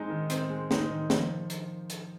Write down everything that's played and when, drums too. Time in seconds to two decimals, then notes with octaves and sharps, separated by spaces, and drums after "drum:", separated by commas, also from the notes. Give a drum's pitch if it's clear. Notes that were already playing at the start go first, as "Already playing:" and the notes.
Already playing: G#3 C4 D#4
0.10 D#3
0.30 C4, drum: hi-hat
0.50 G#3
0.71 D#4, drum: snare
0.90 D#3
1.10 F3, drum: snare
1.50 drum: hi-hat
1.90 drum: hi-hat